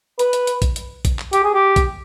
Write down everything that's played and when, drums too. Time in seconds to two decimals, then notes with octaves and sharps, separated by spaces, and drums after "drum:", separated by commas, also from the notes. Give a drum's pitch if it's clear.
0.19 B4, drum: hi-hat
0.33 drum: hi-hat
0.47 drum: hi-hat
0.62 drum: kick, hi-hat
0.76 drum: hi-hat
1.05 drum: kick, hi-hat
1.19 drum: clap
1.33 G4, drum: hi-hat
1.44 G#4
1.54 G4
1.76 drum: kick, hi-hat